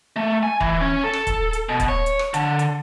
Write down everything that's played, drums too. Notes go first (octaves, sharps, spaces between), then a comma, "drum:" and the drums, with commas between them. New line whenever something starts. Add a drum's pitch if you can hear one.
A3
G#5
E3, drum: kick
C#4
A4
drum: rim click
drum: kick, hi-hat
drum: hi-hat
B2
drum: kick, hi-hat
C#5
drum: hi-hat
drum: rim click
D3, drum: hi-hat
drum: hi-hat